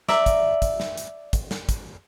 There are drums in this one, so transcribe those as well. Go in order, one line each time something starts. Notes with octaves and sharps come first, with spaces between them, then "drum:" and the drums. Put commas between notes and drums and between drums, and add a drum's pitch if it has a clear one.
D5 E5 A#5, drum: snare
drum: kick, hi-hat
drum: kick, hi-hat
drum: snare
drum: hi-hat
drum: kick, hi-hat
drum: snare
drum: kick, hi-hat